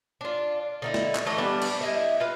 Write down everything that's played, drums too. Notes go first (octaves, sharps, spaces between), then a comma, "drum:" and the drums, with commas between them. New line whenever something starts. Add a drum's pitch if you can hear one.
D4 F4
D3 D#4 E4
drum: snare
drum: clap
E3 A3 D#5 E5
G3 B3 D4
drum: cymbal
E4 D#5 E5
F4 B4